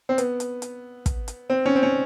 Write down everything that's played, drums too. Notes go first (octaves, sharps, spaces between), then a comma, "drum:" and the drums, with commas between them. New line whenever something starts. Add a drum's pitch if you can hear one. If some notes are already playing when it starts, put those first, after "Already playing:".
C4
B3, drum: hi-hat
drum: hi-hat
drum: hi-hat
drum: kick, hi-hat
drum: hi-hat
C4
C#4
C4
C#4